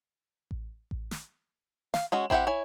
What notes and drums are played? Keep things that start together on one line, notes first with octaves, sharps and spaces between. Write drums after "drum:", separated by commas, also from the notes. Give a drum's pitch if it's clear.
drum: kick A1
drum: kick A1
drum: snare
F5, drum: snare
G#3 C#4 F#4
C4 E4 G4 E5 F#5, drum: kick A1
E4 C#5 G#5